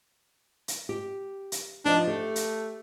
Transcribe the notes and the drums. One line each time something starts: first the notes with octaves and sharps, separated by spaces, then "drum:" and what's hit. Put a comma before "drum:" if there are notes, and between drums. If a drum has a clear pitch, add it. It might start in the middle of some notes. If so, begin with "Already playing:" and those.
drum: hi-hat
G4
drum: hi-hat
F3 D4 D#4
A3 G4
drum: hi-hat